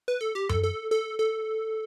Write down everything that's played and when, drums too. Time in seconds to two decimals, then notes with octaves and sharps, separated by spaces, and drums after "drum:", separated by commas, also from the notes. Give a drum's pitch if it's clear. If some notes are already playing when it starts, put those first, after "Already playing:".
0.08 B4
0.21 A4
0.35 G4
0.49 A4, drum: tom F#2
0.63 A4
0.91 A4
1.19 A4